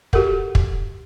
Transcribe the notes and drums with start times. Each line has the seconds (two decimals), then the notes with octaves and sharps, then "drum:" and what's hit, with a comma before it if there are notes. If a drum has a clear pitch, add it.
0.13 F#4 G4 A4 A#4 F#5, drum: kick
0.55 drum: kick